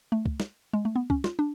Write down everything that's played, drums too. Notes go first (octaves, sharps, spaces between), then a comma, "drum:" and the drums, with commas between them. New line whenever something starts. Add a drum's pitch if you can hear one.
A3
drum: kick
drum: snare
G#3
A3
B3
C#4, drum: kick
F4, drum: snare
D4